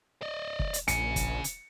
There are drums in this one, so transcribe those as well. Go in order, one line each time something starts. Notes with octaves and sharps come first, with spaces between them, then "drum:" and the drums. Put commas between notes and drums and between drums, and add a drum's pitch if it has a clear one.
D5 D#5
drum: kick
drum: hi-hat
A#1 C#3 C#7, drum: hi-hat
drum: kick, hi-hat
drum: hi-hat